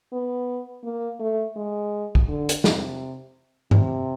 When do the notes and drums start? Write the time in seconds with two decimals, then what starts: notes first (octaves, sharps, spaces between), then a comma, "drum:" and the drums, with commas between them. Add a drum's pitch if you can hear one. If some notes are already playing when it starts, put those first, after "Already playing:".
0.12 B3
0.84 A#3
1.20 A3
1.56 G#3
2.15 drum: kick
2.28 D3
2.49 drum: hi-hat
2.64 C3, drum: snare
3.71 C3, drum: tom G2